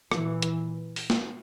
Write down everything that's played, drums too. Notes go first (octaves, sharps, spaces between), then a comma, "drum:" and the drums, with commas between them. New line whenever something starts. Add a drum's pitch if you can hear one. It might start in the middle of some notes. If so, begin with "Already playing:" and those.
A#2 E3, drum: rim click
drum: hi-hat
drum: open hi-hat
drum: snare